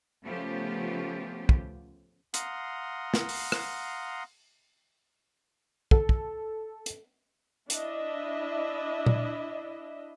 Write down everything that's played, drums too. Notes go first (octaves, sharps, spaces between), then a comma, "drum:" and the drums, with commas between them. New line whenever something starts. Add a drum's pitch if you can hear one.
C#3 F3 A3 B3 F4 G4
drum: kick
F5 F#5 A#5 C6 D#6, drum: hi-hat
drum: snare
drum: open hi-hat
drum: rim click
A4, drum: kick
drum: kick
drum: hi-hat
D4 E4 D#5 E5, drum: hi-hat
drum: tom A#2